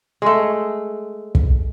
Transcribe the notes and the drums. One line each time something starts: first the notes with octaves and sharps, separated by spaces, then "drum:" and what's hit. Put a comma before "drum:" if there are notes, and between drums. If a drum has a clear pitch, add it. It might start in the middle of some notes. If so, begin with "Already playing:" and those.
G#3 A3
drum: kick